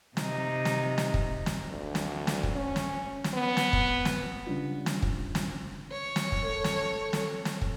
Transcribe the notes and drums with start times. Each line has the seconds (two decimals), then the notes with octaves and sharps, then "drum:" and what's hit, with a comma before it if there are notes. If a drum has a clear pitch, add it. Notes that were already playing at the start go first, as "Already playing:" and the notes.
0.17 C3 D#4, drum: snare
0.65 drum: snare
0.98 drum: snare
1.14 drum: kick
1.46 drum: snare
1.69 D2
1.95 drum: snare
2.27 drum: snare
2.43 drum: kick
2.54 C#4
2.76 drum: snare
3.24 drum: snare
3.34 B3
3.57 drum: snare
3.73 drum: kick
4.05 drum: snare
4.47 C#3 G3 C#4 D4 F4
4.86 drum: snare
5.02 drum: kick
5.35 drum: snare
5.92 C#5
6.16 drum: snare
6.32 drum: kick
6.45 A4
6.64 drum: snare
7.13 drum: snare
7.45 drum: snare
7.61 drum: kick